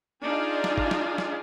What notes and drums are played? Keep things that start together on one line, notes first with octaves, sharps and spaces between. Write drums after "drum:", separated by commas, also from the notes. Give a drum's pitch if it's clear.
D4 D#4 F4 G#4 F5
drum: snare
drum: kick
drum: snare
drum: snare